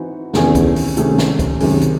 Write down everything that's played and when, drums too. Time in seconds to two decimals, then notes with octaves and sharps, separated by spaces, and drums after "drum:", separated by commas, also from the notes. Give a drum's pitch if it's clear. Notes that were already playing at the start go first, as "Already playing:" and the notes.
Already playing: E3 C4 D#4 F#4
0.34 E2 C3 D#3 A3 C#4 G#4, drum: snare
0.55 drum: kick C#2, hi-hat
0.76 drum: open hi-hat
0.97 C3 D#3 A3 C#4 G#4, drum: hi-hat
1.18 drum: snare
1.39 drum: kick C#2, hi-hat
1.60 F#2 C3 D#3 G#3, drum: open hi-hat
1.81 drum: hi-hat